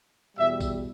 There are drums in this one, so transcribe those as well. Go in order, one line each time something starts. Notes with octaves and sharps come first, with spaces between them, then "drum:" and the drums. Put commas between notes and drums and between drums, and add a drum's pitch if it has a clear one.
E2 B2 G3 E5
drum: kick, tambourine